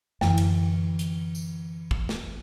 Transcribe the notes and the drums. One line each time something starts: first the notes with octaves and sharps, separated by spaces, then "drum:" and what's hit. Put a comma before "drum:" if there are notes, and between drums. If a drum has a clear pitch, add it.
F#2 D3 E3, drum: snare
drum: cymbal
drum: hi-hat
drum: tambourine
drum: kick
drum: snare